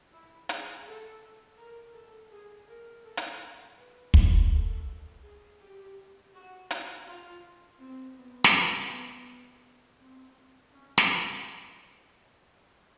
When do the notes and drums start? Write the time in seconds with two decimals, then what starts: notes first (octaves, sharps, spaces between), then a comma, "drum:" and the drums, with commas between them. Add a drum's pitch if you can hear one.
0.13 E4
0.49 G#4, drum: hi-hat
0.86 A4
1.58 A#4
1.95 A4
2.31 G#4
2.68 A#4
3.05 A4
3.17 drum: hi-hat
3.77 B4
4.14 A#4, drum: kick
4.51 A4
5.25 G#4
5.61 G4
6.33 F#4
6.71 F#4, drum: hi-hat
7.06 F4
7.79 C4
8.17 B3
8.44 drum: snare
8.53 B3
8.90 B3
9.99 C4
10.73 C#4
10.98 drum: snare